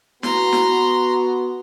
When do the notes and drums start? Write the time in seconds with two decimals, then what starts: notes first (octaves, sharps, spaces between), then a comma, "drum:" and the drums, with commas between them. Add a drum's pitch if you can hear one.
0.23 B3 F#4 A#5 C6, drum: snare
0.53 drum: snare